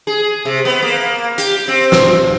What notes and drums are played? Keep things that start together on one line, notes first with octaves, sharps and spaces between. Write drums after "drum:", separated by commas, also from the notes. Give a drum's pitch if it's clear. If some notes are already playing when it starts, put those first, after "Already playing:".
G#4
C3
B3
A#3
G4, drum: hi-hat
C4
drum: snare